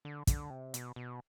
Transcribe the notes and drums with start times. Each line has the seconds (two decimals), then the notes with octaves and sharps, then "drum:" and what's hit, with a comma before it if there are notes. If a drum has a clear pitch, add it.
0.05 D3
0.27 D3, drum: kick, hi-hat
0.50 C3
0.74 B2, drum: hi-hat
0.96 B2